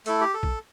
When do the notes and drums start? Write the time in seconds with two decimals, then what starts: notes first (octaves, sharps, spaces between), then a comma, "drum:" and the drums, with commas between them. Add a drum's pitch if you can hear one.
0.06 A3 E4 A4, drum: hi-hat
0.21 G4
0.34 A4
0.43 drum: kick